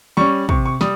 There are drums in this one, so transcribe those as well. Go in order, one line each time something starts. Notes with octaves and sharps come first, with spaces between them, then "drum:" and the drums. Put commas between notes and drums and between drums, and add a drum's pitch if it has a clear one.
G3 C#4 C#6
C3 C#6, drum: kick
C#6
G3 D#6, drum: snare